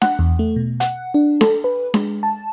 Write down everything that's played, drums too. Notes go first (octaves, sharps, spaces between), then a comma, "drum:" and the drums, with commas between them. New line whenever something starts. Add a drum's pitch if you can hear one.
F#5, drum: snare D4
E2
A3
B2
F#5, drum: hi-hat
D4
A4, drum: snare D4
B4
G#3, drum: snare D4
A5